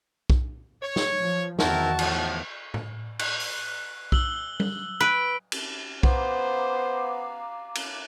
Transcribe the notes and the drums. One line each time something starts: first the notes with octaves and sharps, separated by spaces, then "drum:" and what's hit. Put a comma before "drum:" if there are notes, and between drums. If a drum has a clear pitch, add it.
drum: kick B1
C#5
drum: snare
F3
E2 D#3 C4 E4 F#4 A#4 A5, drum: snare
A2 F3, drum: cymbal
drum: tom A2
F#6, drum: cymbal
drum: open hi-hat
E6 F#7 G7, drum: kick B1
drum: tom G3
B4 B6 D7
drum: cymbal
B3 C5 F5 A#5 D6, drum: kick B1
drum: cymbal